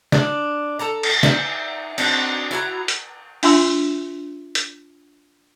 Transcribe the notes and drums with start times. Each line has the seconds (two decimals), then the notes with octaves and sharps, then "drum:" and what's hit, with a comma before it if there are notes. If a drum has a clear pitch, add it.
0.12 D4 D5, drum: snare
0.79 A4 A5 A#5
1.03 drum: cymbal
1.23 D#4 D5 E5 G#5, drum: snare
1.98 C4 D4 D#4 F#4, drum: cymbal
2.51 E4 F#4 G#5 A#5
2.88 drum: hi-hat
3.43 D4 F4 E5 G#5 C6 E6, drum: open hi-hat
4.55 drum: hi-hat